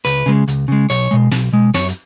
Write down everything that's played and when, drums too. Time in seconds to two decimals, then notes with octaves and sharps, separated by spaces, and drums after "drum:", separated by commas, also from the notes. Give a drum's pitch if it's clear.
0.05 C#2 B4, drum: hi-hat
0.26 C#3 G#3
0.48 C#2, drum: hi-hat
0.68 C#3 G#3
0.90 B1 C#5, drum: hi-hat
1.11 B2 G#3
1.31 B1, drum: snare
1.53 B2 G#3
1.74 F#2 C#5, drum: snare
1.88 drum: hi-hat